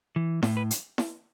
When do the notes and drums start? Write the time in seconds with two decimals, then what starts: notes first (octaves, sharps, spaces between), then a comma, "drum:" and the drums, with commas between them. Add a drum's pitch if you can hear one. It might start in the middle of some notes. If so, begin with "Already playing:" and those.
0.16 E3
0.43 A2, drum: snare E4
0.57 B4
0.71 drum: hi-hat
0.98 drum: snare E4